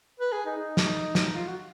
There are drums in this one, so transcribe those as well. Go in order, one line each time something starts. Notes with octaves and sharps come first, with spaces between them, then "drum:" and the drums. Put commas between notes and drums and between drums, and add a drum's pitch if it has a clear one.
B4
G#4
D#4
D#4
drum: snare
drum: snare
F4
F#4